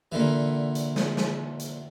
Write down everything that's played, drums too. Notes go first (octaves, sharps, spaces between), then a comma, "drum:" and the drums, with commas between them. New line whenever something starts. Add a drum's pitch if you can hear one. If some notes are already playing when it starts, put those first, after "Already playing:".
A#2 D3 E3
drum: hi-hat
drum: snare
drum: snare
drum: hi-hat